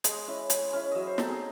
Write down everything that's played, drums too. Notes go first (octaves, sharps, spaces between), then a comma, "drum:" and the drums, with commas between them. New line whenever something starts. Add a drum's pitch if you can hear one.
G#3 D#5, drum: hi-hat
C#4 E4
G#3, drum: hi-hat
C#4 E4
F#3 D#5 E5
C5
C4 D#4 A4, drum: snare
G#4